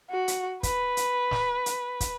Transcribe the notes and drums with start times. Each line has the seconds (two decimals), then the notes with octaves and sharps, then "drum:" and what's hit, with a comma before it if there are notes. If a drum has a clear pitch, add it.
0.10 F#4
0.28 drum: hi-hat
0.63 B4, drum: kick, hi-hat
0.97 drum: hi-hat
1.31 drum: snare
1.66 drum: hi-hat
2.00 drum: kick, hi-hat